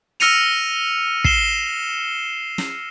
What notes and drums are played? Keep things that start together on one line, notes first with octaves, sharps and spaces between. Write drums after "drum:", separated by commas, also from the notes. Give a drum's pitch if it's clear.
E6 F6 A#6 C#7 D#7 F7, drum: hi-hat
C7 E7 G7, drum: kick
drum: snare